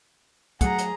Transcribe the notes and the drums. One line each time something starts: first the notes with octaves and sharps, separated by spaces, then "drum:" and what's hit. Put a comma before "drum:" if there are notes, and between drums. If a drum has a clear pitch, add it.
F#3 A3 G#4 F#5 A#5, drum: kick, hi-hat
drum: hi-hat